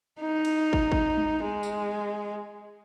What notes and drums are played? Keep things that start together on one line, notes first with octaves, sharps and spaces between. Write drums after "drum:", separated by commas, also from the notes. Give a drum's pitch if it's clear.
D#4
drum: cymbal
drum: kick
drum: kick
drum: tom G#3
G#3
drum: tambourine